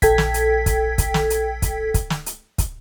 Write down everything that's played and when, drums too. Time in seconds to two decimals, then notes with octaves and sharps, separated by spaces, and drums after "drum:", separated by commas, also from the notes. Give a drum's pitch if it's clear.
0.02 A#1 A4 G5 G#6 B6, drum: kick, hi-hat
0.18 drum: snare
0.34 drum: hi-hat
0.66 drum: kick, hi-hat
0.98 drum: kick, hi-hat
1.14 drum: snare
1.30 drum: hi-hat
1.62 drum: kick, hi-hat
1.94 drum: kick, hi-hat
2.10 drum: snare
2.26 drum: hi-hat
2.58 drum: kick, hi-hat